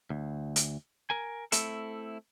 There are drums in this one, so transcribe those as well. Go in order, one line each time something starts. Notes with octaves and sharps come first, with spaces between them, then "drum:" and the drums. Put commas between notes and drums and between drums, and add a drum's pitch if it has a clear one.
D2
drum: hi-hat
A#4 G#5
A3 C4 E4 A4, drum: hi-hat